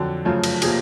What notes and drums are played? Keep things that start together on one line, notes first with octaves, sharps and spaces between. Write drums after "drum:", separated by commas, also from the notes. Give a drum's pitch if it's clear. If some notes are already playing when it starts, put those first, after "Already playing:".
Already playing: F2 D3 F#3
F#2 C#3 F3 A3
drum: cymbal
C3 F3 A#3 G#4, drum: cymbal